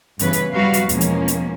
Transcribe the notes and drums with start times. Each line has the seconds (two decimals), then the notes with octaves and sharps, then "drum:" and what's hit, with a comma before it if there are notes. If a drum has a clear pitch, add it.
0.19 G2 C#3 E3 B3 C#4 B4, drum: hi-hat
0.33 drum: hi-hat
0.54 C3 F#3 G3 F#4 B4 F5
0.74 drum: hi-hat
0.89 E2 B2 F3 G#3 A#3 C#4, drum: hi-hat
1.01 drum: hi-hat
1.28 drum: hi-hat